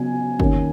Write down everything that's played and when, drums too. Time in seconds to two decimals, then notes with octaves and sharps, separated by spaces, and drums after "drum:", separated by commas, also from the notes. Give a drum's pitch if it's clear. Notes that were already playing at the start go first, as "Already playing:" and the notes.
Already playing: C#3 F#3 B3 G#5
0.40 D#2 D#3 A#3 C#4, drum: kick